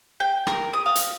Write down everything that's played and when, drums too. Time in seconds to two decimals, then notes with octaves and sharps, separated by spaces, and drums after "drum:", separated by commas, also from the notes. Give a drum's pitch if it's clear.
0.20 G5
0.47 A#4, drum: rim click
0.73 D#6
0.86 F5
0.95 drum: hi-hat